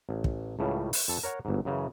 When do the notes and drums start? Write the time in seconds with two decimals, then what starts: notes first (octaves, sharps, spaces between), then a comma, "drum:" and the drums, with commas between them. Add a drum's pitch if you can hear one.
0.09 A1
0.24 drum: kick
0.59 C#2 A2 C#3 G3
0.93 drum: open hi-hat
1.08 F2 A4
1.23 A#4 C#5 F#5 A#5
1.45 G1 G#2
1.65 F#2 C#3 E3